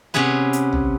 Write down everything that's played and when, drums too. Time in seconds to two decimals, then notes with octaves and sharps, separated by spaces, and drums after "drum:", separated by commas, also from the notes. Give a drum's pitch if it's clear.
0.14 C3 B3 C#4 G#4 B4
0.53 drum: hi-hat
0.73 drum: tom